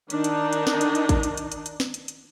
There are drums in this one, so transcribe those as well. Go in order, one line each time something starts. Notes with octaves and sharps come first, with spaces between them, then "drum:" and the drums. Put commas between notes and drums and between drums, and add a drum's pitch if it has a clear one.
D#3 D4 D#4, drum: hi-hat
drum: hi-hat
drum: hi-hat
drum: snare
drum: hi-hat
drum: hi-hat
drum: kick A1, hi-hat
drum: hi-hat
drum: hi-hat
drum: hi-hat
drum: hi-hat
drum: snare
drum: hi-hat
drum: hi-hat